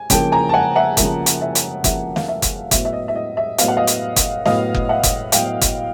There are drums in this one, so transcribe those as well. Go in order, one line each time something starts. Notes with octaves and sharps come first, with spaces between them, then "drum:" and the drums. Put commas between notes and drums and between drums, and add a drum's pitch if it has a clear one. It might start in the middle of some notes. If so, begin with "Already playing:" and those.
Already playing: G#5
C#3 F3 A#3 G5 A5, drum: kick F#1, hi-hat
G#5 A#5
A5
F#5 G#5
E5 F#5
C#3 F3 A#3 E5, drum: kick F#1, hi-hat
drum: hi-hat
E5
drum: hi-hat
C#3 F3 A#3 E5, drum: kick F#1, hi-hat
F5, drum: snare
E5
drum: kick F#1, hi-hat
A2 F#3 B3 E5, drum: kick F#1, hi-hat
E5
D#5
E5
D#5
E5
A2 F#3 B3 F5, drum: hi-hat
F#5
D#5 F5
drum: hi-hat
drum: kick F#1, hi-hat
A2 F#3 B3 D#5 F5, drum: snare
drum: kick F#1
E5 F#5
drum: kick F#1, hi-hat
A2 F#3 B3 F5 G5, drum: hi-hat
drum: kick F#1, hi-hat